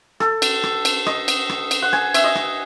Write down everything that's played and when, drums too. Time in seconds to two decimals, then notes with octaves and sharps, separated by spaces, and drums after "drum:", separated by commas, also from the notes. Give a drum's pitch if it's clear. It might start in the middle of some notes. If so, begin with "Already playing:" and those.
0.20 A4, drum: rim click
0.42 drum: cymbal
0.64 drum: rim click
0.85 drum: cymbal
1.06 D#5, drum: rim click
1.28 drum: cymbal
1.49 drum: rim click
1.71 drum: cymbal
1.82 F#5
1.93 G#5, drum: rim click
2.14 E5, drum: cymbal
2.24 D#5
2.35 drum: rim click